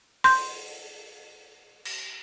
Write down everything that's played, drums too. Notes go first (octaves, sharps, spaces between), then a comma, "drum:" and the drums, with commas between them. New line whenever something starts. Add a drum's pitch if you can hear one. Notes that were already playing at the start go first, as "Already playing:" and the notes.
C6 G6, drum: open hi-hat
drum: cymbal